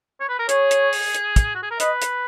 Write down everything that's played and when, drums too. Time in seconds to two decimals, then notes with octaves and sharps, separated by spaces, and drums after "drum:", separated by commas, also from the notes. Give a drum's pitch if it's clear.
0.20 C#5
0.29 B4
0.39 A#4
0.49 G#4 C#5, drum: hi-hat
0.71 drum: hi-hat
0.93 drum: open hi-hat
1.15 drum: hi-hat
1.36 drum: kick, hi-hat
1.55 F#4
1.63 G#4
1.71 A#4
1.80 B4 D#5, drum: hi-hat
2.02 drum: hi-hat